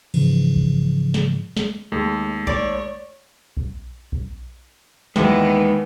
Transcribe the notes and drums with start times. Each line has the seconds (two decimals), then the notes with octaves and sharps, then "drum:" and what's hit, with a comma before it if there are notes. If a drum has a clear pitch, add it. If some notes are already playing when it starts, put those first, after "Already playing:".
0.14 G#2 C#3 E3 F3, drum: cymbal
0.56 drum: kick A#1
1.14 drum: snare
1.57 drum: snare
1.92 D#2 G#3 A3
2.47 C#5 D5, drum: kick A#1
3.57 drum: kick A#1
4.12 drum: kick A#1
5.16 D#2 D#3 E3 G#3 B3 D#4 E4 B4, drum: snare